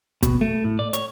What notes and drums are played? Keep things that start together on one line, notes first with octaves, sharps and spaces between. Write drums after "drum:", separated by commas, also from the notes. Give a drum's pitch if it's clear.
B2, drum: kick, hi-hat
A3
A2
D5
C#5, drum: hi-hat